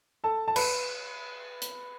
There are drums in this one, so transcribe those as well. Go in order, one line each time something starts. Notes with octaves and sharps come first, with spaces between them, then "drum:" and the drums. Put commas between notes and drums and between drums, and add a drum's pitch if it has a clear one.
A4 A5
A5
B4 B5, drum: cymbal
drum: hi-hat